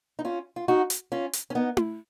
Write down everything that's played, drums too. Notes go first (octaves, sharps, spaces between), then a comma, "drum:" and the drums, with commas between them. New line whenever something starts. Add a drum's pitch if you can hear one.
D#4
C#4 F4
F4
D#4 F#4
drum: hi-hat
C#4 F4
drum: hi-hat
C#4
B3 D#4
drum: tom E4